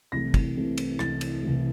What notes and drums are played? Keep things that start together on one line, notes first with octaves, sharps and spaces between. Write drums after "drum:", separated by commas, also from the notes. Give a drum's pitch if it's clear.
C2 C3 E3 A3 A#6
drum: kick, cymbal
C2 C3 E3 A3
drum: cymbal
C2 C3 E3 A3 A6, drum: rim click
drum: cymbal
C2 C3 E3 A3